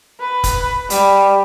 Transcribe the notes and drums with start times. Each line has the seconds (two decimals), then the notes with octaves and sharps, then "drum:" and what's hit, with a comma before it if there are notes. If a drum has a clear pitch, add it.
0.21 B4
0.44 drum: kick, hi-hat
0.90 G3, drum: hi-hat